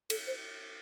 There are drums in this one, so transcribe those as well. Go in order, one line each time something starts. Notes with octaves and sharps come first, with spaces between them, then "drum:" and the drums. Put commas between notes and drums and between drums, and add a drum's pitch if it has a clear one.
A4, drum: cymbal
C5